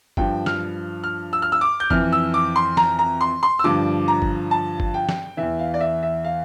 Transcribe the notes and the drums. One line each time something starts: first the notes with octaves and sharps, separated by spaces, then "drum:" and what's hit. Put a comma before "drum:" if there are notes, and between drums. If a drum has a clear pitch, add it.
G2 F3 G5, drum: kick
F6, drum: snare
F6
E6
F6
E6
D6
G6
F2 E3 F6, drum: kick
E6
D6
C6
A#5, drum: snare
A#5
C6
C6
E6
G2 D3 F3 D6
A#5
drum: kick
A5
drum: kick
G5
drum: snare
E2 E3 E5
F5
D5
E5
E5
F5